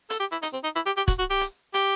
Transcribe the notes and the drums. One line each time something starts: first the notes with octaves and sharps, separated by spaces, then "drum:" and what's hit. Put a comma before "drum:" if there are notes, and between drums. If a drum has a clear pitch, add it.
A4, drum: hi-hat
G4
E4
D#4, drum: hi-hat
C4
D#4
E4
G4
G4
F#4, drum: kick, hi-hat
F#4
G4
drum: hi-hat
G4, drum: hi-hat